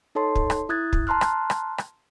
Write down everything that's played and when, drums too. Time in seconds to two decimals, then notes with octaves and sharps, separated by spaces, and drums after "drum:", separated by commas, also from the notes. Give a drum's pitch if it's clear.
0.15 D#4 A4 C#5 A5 C6
0.35 drum: kick
0.50 drum: rim click
0.69 E4 D#6 F#6 G#6 A6
0.93 drum: kick
1.07 A5 A#5 C6 F6 F#6
1.21 drum: rim click
1.50 drum: rim click
1.78 drum: rim click